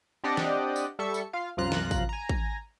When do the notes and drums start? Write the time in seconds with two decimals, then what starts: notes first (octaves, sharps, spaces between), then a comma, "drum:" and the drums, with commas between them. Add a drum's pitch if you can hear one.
0.24 C4 D4 G4 D5 D#5 F#5
0.37 drum: snare
0.76 drum: tambourine
0.99 G3 A4 E5 C#6 C#7
1.14 drum: tambourine
1.33 F4 F5
1.57 C2 F#2 F3 F4 A#5 F#6
1.72 drum: snare
1.91 drum: kick, tambourine
2.09 G#5 A#5
2.29 drum: kick